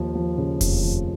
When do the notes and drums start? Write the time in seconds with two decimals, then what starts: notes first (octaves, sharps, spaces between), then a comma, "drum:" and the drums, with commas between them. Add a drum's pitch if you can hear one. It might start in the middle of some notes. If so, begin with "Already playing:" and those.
Already playing: D#2 F3
0.15 F3
0.38 C#3
0.61 F1, drum: kick E1, open hi-hat
0.82 F3